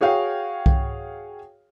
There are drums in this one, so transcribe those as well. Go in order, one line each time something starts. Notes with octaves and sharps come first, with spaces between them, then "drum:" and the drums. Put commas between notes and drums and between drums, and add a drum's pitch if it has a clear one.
F#4 G#4 C#5 F5 G5
drum: kick C2